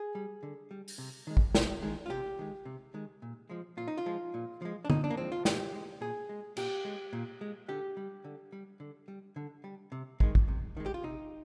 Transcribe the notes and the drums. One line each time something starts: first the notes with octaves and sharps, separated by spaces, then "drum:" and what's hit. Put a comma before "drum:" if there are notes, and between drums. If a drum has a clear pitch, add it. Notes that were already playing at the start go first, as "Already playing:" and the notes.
Already playing: G#4
G3
D3
G3
drum: open hi-hat
C3
D#3 G#3
drum: kick
C3, drum: snare
D#3 G#3
F4
C3 G4
D#3 G#3
C3
D#3 G#3
A#2
F3 G#3
A#2 F4
D#4
F4
F3 G#3
A#2
F3 G#3
D4
A#2 D#4, drum: tom
D4
A#3
F3 G#3 C4
F4
A#2 G4, drum: snare
G#3
A#2 G#4
G#3
A#2 G4, drum: cymbal
G#3
A#2
G#3
D3 G4
G3
D3
G3
D3
G3
D3
G3
C3
D#3 G#3, drum: kick
drum: kick
C3
D#3 G#3
G4
F4
C3 D#4